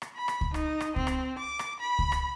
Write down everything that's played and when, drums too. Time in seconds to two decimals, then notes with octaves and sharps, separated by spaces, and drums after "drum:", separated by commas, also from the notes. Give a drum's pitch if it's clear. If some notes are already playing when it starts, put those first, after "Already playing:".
0.02 drum: rim click
0.16 B5
0.28 drum: rim click
0.41 drum: kick C#2
0.54 D#4, drum: rim click
0.80 drum: rim click
0.96 C4, drum: kick C#2
1.07 drum: rim click
1.39 D6
1.59 drum: rim click
1.80 B5
1.99 drum: kick C#2
2.12 drum: rim click